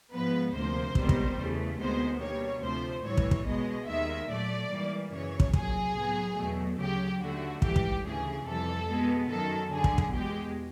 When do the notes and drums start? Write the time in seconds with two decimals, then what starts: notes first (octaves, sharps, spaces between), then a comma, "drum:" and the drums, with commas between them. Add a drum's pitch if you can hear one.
0.12 G#2 F3 G#3 B3 B4
0.53 D2 C3 F3 A#3 C5
0.95 C#2 C3 D#3 G3 B3, drum: kick
1.09 drum: kick
1.37 E2 C#3 E3 A3
1.78 D2 C3 D#3 G#3 B3 C5
2.20 B2 G3 A#3 C#5
2.61 D2 C3 F3 A3 C5
3.03 A2 E3 G3 C#5
3.17 drum: kick
3.31 drum: kick
3.45 B2 G#3 B3 D#5
3.87 D#2 D#3 G#3 E5
4.28 A#2 F#3 A3 D5
4.70 G#2 E3 G3 A#3
5.12 F#2 C#3 E3 C#5
5.40 drum: kick
5.53 C2 A#2 F#3 G#4, drum: kick
5.95 A2 F#3 B3
6.36 E2 B2 F#3 A3
6.79 D2 C#3 F#3 G4
7.20 D#2 D3 F#3 A3 F#4
7.62 G#2 E3 G3 G4, drum: kick
7.76 drum: kick
8.03 D2 C#3 E3 G#4
8.45 F2 C3 E3 G3 A4
8.87 B2 G#3 B3
9.29 F#2 D#3 F#3 A4
9.70 F#2 D3 F#3 G#4
9.84 drum: kick
9.98 drum: kick
10.12 E2 B2 G#3 G4